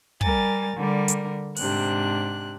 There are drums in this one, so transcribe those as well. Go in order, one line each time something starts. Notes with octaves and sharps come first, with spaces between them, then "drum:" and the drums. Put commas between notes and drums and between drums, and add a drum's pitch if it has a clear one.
G3 A#4 G#5 A6, drum: kick
D3 G3 A#4
drum: hi-hat
G#2 C3 D4 F#6, drum: open hi-hat